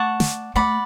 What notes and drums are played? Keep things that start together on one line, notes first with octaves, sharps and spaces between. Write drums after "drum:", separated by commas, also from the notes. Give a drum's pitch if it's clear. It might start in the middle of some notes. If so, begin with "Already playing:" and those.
Already playing: A3 D5 F#5 A5 C#6
drum: snare
A3 D5 F#5 B5